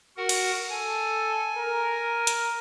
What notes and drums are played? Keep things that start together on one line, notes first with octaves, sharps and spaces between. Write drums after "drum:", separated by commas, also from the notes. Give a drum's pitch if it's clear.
F#4 A#4 F#5
drum: cymbal
A4 G#5
A#4
drum: hi-hat